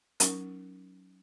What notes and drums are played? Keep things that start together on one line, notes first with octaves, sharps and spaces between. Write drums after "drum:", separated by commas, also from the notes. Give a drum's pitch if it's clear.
F#3 C#4 D#4 A#4, drum: hi-hat